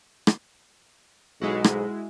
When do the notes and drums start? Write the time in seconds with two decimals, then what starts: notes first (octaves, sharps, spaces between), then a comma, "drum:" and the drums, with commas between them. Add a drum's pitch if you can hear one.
0.27 drum: rim click
1.42 B1 G#2 G#3 E4 F#4
1.64 drum: rim click